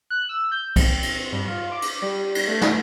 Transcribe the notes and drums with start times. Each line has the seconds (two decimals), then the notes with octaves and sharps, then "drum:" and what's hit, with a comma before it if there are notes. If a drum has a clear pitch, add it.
0.10 F#6
0.29 E6
0.52 G6
0.76 C4, drum: kick, cymbal
1.03 drum: cymbal
1.32 G2
1.48 F4
1.72 D6
1.82 drum: cymbal
2.02 G3
2.35 drum: cymbal
2.48 A3
2.61 drum: snare